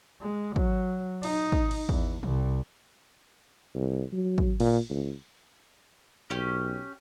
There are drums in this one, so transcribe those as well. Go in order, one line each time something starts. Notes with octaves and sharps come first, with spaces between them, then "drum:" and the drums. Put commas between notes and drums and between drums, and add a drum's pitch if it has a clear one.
G#3
F#3, drum: kick
D#4, drum: cymbal
drum: kick
drum: cymbal
E2, drum: kick
C2, drum: tom D3
C2
F#3
drum: kick
A#2, drum: cymbal
C#2
B1 C#4 G4